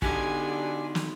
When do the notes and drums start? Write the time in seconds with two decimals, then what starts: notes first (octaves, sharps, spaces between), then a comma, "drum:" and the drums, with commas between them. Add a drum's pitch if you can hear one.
0.02 D3 D#4 F#4 G4 G#5, drum: kick
0.95 drum: snare